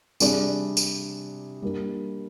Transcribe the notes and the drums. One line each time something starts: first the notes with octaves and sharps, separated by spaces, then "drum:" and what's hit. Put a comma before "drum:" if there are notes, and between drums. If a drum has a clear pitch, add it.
C3 G3 D4 G#4 D5, drum: tambourine
drum: tambourine
G3 A#3 D4